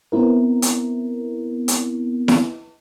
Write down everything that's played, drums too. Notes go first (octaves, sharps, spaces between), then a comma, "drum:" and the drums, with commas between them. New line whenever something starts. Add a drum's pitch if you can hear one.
B3 C4 E4 A#4
drum: hi-hat
drum: hi-hat
drum: snare E4